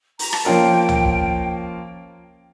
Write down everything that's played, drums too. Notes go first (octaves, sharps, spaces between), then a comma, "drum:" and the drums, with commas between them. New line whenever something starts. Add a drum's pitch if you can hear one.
A#5, drum: open hi-hat
A5, drum: rim click
F3 A#3 C#4 F4 A#4 G5
drum: tom C#2
drum: kick